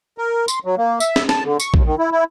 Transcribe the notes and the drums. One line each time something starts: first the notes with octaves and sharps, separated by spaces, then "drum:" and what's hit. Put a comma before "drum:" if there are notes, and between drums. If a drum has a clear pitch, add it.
A#4
C6, drum: tambourine
F#3
A#3
E5, drum: tambourine
drum: snare
A5, drum: snare
D3
C#6, drum: tambourine
D#2, drum: kick A#1
D#3
E4
E4